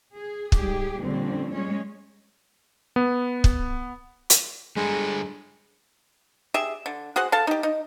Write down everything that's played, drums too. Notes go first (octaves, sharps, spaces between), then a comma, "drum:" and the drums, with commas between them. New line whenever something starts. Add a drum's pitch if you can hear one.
G#4
G#2 G3 G4 G#4, drum: kick
F2 A#2 D3 G3 C4 C#4
G3 G#3 C#4 C#5
B3
drum: kick
drum: hi-hat
G3 G#3 D4 A4
G4 G#4 E5
D3
F#4 G#4 C5 F#5
A4 F5 A5
D#4 G4
D#4